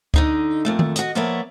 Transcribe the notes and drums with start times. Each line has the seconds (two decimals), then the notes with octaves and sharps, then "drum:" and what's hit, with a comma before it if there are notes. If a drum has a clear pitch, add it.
0.14 D3 D#4 D#5, drum: kick D2
0.65 F2 A#2 A3
0.79 drum: tom D#3
0.96 F#4 D#5, drum: hi-hat
1.15 F3 A#3 B3 C#5 D5 E5